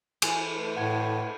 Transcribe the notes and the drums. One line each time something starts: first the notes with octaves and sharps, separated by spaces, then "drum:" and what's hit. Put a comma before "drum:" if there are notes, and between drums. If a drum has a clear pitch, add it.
E3 G#5, drum: cymbal
A3 B4
A2 F#5 G#6